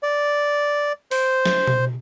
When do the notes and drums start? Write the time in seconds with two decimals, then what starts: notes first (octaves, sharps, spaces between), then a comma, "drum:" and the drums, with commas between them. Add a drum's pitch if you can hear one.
0.03 D5
1.11 C5, drum: open hi-hat
1.45 drum: snare
1.67 drum: tom B2